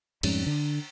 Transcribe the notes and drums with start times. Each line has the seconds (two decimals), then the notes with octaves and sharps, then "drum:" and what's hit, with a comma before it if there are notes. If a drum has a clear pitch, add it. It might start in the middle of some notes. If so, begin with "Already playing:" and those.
0.23 F2 G#2 G3 C#4, drum: cymbal
0.47 D3